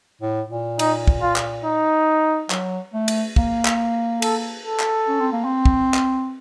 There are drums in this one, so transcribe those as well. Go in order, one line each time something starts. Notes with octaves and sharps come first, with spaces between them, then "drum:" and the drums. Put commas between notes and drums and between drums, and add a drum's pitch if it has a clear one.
A2
A#2
D#4, drum: cymbal
drum: kick
F4
drum: clap
D#4
F#3, drum: clap
A3
drum: cymbal
A#3, drum: kick
drum: clap
A4, drum: cymbal
A4
drum: clap
C#4
C4
A#3
C4
drum: kick
drum: clap